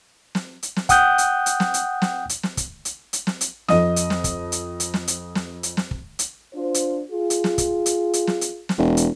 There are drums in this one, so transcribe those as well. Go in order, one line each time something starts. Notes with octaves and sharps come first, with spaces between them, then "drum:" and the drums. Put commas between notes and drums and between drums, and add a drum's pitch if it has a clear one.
drum: snare
drum: hi-hat
drum: snare
F#5 G5 D#6 F#6 G6, drum: kick, hi-hat
drum: hi-hat
drum: hi-hat
drum: snare
drum: hi-hat
drum: snare
drum: hi-hat
drum: snare
drum: kick, hi-hat
drum: hi-hat
drum: hi-hat
drum: snare
drum: hi-hat
F2 D#5 D#6, drum: snare
drum: hi-hat
drum: snare
drum: kick, hi-hat
drum: hi-hat
drum: hi-hat
drum: snare
drum: hi-hat
drum: snare
drum: hi-hat
drum: snare
drum: kick
drum: hi-hat
D4 F4 C5
drum: hi-hat
F4 G#4
drum: hi-hat
drum: snare
drum: kick, hi-hat
drum: hi-hat
drum: hi-hat
drum: snare
drum: hi-hat
drum: snare
E1
drum: hi-hat